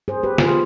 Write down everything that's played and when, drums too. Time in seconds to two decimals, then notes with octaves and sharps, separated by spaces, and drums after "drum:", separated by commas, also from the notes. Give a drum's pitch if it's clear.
0.08 G#4 C5
0.23 G4 B4
0.38 F4 G#4, drum: snare